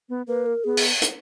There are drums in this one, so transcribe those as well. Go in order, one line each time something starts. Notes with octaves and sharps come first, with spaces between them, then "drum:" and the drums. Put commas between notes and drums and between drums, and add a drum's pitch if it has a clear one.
B3
A#3 B4
A#4
B3 G#4
drum: open hi-hat
drum: hi-hat